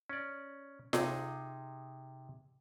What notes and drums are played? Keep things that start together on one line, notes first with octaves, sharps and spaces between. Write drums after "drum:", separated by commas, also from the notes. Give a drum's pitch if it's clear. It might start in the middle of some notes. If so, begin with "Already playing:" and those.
C#4 D5
C3 D#4 G#4, drum: snare F4